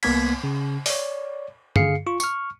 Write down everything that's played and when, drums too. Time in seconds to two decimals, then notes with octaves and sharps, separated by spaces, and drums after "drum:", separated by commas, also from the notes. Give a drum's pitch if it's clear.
0.03 C2 A#3 B3 G#6 B6, drum: cymbal
0.44 C#3
0.86 C#5 D5, drum: open hi-hat
1.76 D3 G#4 F5 C7 C#7, drum: tom G2
2.07 F4 C#6
2.20 C#6 F6, drum: tambourine